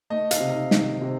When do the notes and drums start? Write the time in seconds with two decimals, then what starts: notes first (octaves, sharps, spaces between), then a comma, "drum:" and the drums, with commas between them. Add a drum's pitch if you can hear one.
0.10 A3 D#5
0.31 F5, drum: hi-hat
0.40 C3
0.50 F5
0.71 D#3, drum: snare
1.01 C3